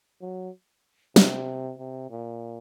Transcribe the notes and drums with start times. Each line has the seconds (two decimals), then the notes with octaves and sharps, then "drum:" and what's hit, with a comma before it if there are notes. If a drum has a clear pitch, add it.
0.21 F#3
1.16 C3, drum: snare
1.79 C3
2.10 A#2